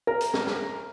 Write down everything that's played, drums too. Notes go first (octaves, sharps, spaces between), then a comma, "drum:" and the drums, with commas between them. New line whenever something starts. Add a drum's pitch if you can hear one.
A#4
drum: hi-hat
drum: snare
drum: snare